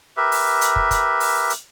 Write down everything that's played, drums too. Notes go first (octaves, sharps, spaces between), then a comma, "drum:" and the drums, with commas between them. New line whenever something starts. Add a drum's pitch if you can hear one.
G4 A#4 B4 E5
drum: open hi-hat
drum: hi-hat
drum: kick
drum: kick, hi-hat
drum: open hi-hat
drum: hi-hat